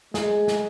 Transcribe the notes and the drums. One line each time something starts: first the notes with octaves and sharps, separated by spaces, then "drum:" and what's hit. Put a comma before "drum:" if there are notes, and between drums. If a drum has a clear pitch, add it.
G#3 G#4, drum: snare
drum: snare